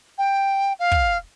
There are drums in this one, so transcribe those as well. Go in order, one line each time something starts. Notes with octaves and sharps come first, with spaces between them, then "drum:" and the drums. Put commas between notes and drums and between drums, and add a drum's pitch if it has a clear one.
G5
F5
drum: kick